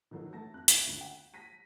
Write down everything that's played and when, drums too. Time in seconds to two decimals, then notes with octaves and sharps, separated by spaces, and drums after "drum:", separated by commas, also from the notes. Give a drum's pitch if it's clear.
0.11 D#3 E3 F#3 F#4 A4
0.33 A3 A5 A#6
0.54 F2 F#6
0.68 drum: hi-hat
0.87 D2
1.01 G5
1.34 A#6 B6 D#7